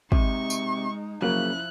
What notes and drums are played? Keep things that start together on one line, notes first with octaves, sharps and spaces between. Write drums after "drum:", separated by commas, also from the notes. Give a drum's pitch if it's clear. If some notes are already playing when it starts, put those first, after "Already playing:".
C3 G#3 D#4 C#6, drum: kick
drum: tambourine
C#3 F3 F#3 A#3 E4 F#6